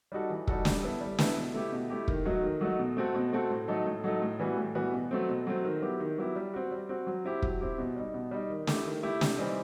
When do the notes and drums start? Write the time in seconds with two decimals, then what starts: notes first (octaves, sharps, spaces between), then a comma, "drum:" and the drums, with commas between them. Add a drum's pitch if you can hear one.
0.12 G3 D#4 F#4 A4
0.30 E3
0.47 G3 D#4 F#4 A4, drum: kick
0.65 G3, drum: snare
0.83 B3 E4 A4
1.01 G3
1.19 B3 E4 A4, drum: snare
1.37 B2
1.54 A3 E4 G4
1.72 B2
1.90 A3 E4 G4
2.08 D#3, drum: kick
2.25 F#3 A3 D#4 F#4
2.43 D#3
2.61 F#3 A3 D#4 F#4
2.79 B2
2.97 A3 C4 F#4 A4
3.15 B2
3.32 A3 C4 F#4 A4
3.50 A2
3.68 F#3 A3 D#4 A4
3.86 A2
4.04 F#3 A3 D#4 A4
4.22 A2
4.39 E3 G3 B3 F#4
4.57 A2
4.75 E3 G3 B3 F#4
4.93 B2
5.11 F#3 A3 C4
5.29 B2
5.47 F#3 A3 C4
5.65 D#3
5.82 F#3 B3 E4 G4
6.00 D#3
6.18 F#3 B3 E4 G4
6.36 G3
6.53 C4 F#4
6.71 G3
6.89 C4 F#4
7.07 F#3
7.25 C4 E4 G4
7.42 F#3, drum: kick
7.60 C4 E4 G4
7.78 B2
7.96 G3 D#4
8.14 B2
8.31 G3 D#4
8.50 D#3
8.67 A3 E4 G4, drum: snare
8.85 D#3
9.03 A3 E4 G4
9.21 C3, drum: snare
9.38 E3 G3 C4 D#4